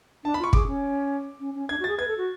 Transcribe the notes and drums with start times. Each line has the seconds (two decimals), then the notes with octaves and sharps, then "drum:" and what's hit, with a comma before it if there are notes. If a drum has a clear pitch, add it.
0.24 D4 A5
0.34 B5
0.39 F4 C#6
0.53 G#4 D6, drum: kick
0.67 C#4
1.40 C#4
1.55 C#4
1.69 D4 G#6
1.80 F#4
1.84 G#4 A6
1.99 B4 G#6
2.07 A4
2.18 F#4